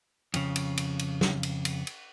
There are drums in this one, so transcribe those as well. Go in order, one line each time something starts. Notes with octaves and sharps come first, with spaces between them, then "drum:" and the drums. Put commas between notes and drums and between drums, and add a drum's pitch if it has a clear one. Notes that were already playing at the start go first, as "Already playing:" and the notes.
F2 C#3, drum: cymbal
drum: cymbal
drum: cymbal
drum: cymbal
drum: snare
drum: cymbal
drum: cymbal
drum: cymbal